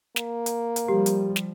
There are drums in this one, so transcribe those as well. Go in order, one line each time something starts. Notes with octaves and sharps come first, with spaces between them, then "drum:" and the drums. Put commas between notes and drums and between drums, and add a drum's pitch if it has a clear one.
A#3, drum: snare
drum: hi-hat
drum: hi-hat
F3 G3 G4
drum: hi-hat
drum: snare